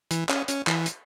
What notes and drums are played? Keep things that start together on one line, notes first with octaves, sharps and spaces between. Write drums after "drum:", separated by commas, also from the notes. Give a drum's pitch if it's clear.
E3, drum: hi-hat
C#4, drum: clap
C#4, drum: hi-hat
E3, drum: clap
drum: hi-hat